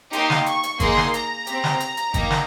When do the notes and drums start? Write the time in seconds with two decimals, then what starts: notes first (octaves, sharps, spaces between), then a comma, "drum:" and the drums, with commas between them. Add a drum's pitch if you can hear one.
0.13 A#3 D#4 G4 C6, drum: hi-hat
0.30 drum: snare
0.46 C#6, drum: hi-hat
0.63 drum: hi-hat
0.80 A#3 D#4 G#4 C6, drum: kick G#1, hi-hat
0.97 drum: snare
1.14 A#5, drum: hi-hat
1.47 C4 G4, drum: hi-hat
1.64 drum: snare
1.80 drum: hi-hat
1.97 drum: hi-hat
2.14 A#3 D#4 G4, drum: kick G#1, hi-hat
2.30 drum: snare